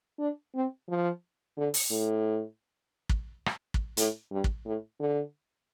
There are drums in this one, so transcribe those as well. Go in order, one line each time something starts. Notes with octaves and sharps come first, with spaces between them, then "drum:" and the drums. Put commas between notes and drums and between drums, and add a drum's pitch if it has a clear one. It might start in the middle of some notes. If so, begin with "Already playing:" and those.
D4
C4
F3
D3
drum: open hi-hat
A2
drum: kick
drum: rim click
drum: kick
A2, drum: hi-hat
G2
drum: kick
A2
D3